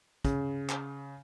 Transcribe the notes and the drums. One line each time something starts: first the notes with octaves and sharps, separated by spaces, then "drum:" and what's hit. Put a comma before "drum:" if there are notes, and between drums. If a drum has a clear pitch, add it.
C#3, drum: kick, hi-hat
drum: clap